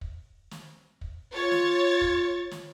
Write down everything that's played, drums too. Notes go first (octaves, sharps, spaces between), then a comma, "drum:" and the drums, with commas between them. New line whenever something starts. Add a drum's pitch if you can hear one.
drum: kick
drum: snare
drum: kick
F4 C#5 A6
drum: snare
drum: kick
drum: snare